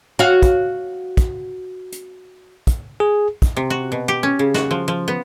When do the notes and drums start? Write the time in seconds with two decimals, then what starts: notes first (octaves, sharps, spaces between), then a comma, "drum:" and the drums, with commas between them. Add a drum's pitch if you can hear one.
0.19 F#4 C#5 F5
0.42 drum: kick, hi-hat
1.17 drum: kick, hi-hat
1.92 drum: hi-hat
2.67 drum: kick, hi-hat
3.00 G#4
3.42 drum: kick, hi-hat
3.56 C3
3.70 F#4
3.92 B2
4.08 G4
4.23 C#4
4.39 C#3
4.54 F#4, drum: snare
4.71 F3
4.88 F3
5.08 B3